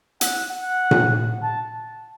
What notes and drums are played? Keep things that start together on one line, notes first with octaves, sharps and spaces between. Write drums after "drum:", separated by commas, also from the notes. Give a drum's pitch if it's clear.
F#5, drum: hi-hat
F#5
drum: tom A#2
A5